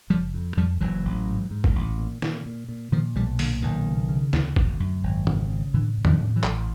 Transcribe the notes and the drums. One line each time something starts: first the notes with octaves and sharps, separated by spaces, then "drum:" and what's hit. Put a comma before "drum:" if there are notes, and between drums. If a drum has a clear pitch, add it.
F#1 F3 G3
F2
F2 F3 G3
F#1 E3 F#3
A1
G#2
G#2
drum: kick
A1
A#2
A#2, drum: snare
A#2
A#2
A#2 D#3 F3
B1 F3 G3
A#2 D3, drum: open hi-hat
B1 D#3
C#3
C#3
D2, drum: snare
D2, drum: kick
F#2
G#1
C#3, drum: tom
C#3
A2 D3 E3
A2
D#3 F3, drum: tom
A2
E3 F#3
A1, drum: clap